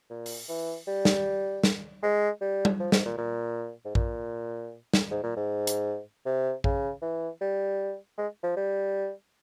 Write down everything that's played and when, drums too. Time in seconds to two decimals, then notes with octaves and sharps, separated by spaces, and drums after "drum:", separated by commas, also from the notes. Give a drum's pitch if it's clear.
0.10 A#2
0.26 drum: open hi-hat
0.49 E3
0.87 G3
1.05 drum: snare
1.64 drum: snare
2.03 G#3
2.41 G3
2.65 drum: tom G3
2.80 F3
2.92 G#2, drum: snare
3.05 A#2
3.18 A#2
3.85 G#2
3.95 A#2, drum: kick A#1
4.94 drum: snare
5.11 G#2
5.23 A#2
5.36 G#2
5.67 drum: hi-hat
6.26 C3
6.64 C#3, drum: kick A#1
7.02 E3
7.41 G3
8.18 G#3
8.43 F3
8.56 G3